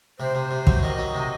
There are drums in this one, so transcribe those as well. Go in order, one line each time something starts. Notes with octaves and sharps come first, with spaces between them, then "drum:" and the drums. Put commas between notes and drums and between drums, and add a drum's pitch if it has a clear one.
C3 C5
C3
C3
F#3, drum: kick
D#3 D#5
F#3
C3